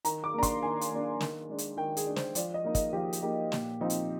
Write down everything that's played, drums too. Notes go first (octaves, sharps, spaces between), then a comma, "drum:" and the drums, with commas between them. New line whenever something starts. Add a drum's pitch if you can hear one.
D#3 A#5, drum: hi-hat
D6
A#3 D4 A#5
C6, drum: kick, hi-hat
D#3 G#5
drum: hi-hat
A#3 D4
D#3, drum: snare
G#3 D4
drum: hi-hat
D#3 G5
G#4, drum: hi-hat
G#3 D4
C5, drum: snare
F3 D5, drum: hi-hat
D#5
A#3 D#4
D#5, drum: kick, hi-hat
F3 G4
drum: hi-hat
A#3 D#4 G4
A#2, drum: snare
F3 C4 D#4
drum: hi-hat